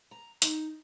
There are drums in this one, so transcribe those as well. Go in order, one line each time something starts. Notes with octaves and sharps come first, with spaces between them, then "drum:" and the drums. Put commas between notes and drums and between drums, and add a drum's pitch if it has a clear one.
A#5
D#4, drum: hi-hat